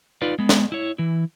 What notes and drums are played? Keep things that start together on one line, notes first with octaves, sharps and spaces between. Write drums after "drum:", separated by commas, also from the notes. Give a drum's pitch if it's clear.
D#4 F4 B4 D5
G#3 B3
drum: snare
E4 C#5
E3 E4